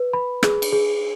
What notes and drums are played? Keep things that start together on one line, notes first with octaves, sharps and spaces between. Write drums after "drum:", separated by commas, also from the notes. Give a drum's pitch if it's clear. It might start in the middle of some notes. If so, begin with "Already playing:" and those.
Already playing: B4
B5
G#4, drum: rim click
drum: cymbal
G#4